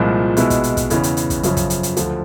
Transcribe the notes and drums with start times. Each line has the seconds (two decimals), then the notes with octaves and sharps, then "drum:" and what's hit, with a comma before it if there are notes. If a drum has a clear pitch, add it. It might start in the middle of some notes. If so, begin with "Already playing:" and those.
Already playing: C2 A#2 F3 G#3
0.37 B2 G#3 B3 E4, drum: hi-hat
0.50 drum: kick, hi-hat
0.64 drum: hi-hat
0.77 drum: kick, hi-hat
0.90 E2 C#3 E3, drum: hi-hat
1.03 drum: hi-hat
1.17 drum: hi-hat
1.30 drum: kick, hi-hat
1.43 F#2 C#3 F3, drum: hi-hat
1.57 drum: kick, hi-hat
1.70 drum: hi-hat
1.83 drum: hi-hat
1.97 D2 D3 F3, drum: hi-hat